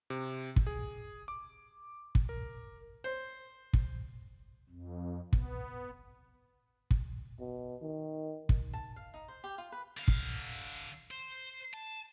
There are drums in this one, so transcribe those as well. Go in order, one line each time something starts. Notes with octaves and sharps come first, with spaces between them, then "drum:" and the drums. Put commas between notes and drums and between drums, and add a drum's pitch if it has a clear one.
C3
drum: kick
G#4
D6
drum: kick
A#4
C5
drum: kick
F2
B3, drum: kick
drum: kick
B2
D#3
drum: kick
A5
F5
D#4
C5
G4
F4
B4
D3 F5
drum: kick
C5
A5